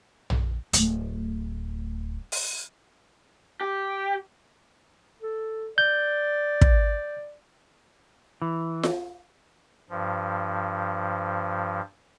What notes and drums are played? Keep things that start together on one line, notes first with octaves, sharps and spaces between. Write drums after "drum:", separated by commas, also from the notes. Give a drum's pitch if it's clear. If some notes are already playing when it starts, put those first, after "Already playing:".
drum: tom
D1 A3, drum: hi-hat
drum: open hi-hat
G4
A4
D5 G6
drum: kick
E3
drum: snare F4
G2 F3